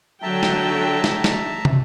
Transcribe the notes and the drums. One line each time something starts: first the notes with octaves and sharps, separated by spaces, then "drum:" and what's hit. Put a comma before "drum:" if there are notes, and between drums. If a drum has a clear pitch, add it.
D3 F#3 E5 G5 A5 A#5
drum: snare
drum: snare
drum: snare
drum: tom